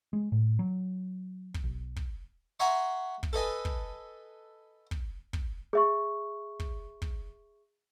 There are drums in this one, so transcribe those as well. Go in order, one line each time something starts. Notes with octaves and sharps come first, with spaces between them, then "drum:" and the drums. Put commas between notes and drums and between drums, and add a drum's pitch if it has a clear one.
G#3
A2
F#3
drum: kick
B1
drum: kick
E5 F#5 G#5 A#5 C6 C#6
drum: kick
A4 B4 D#5 G#5
drum: kick
drum: kick
drum: kick
G#4 E5 C#6
drum: kick
drum: kick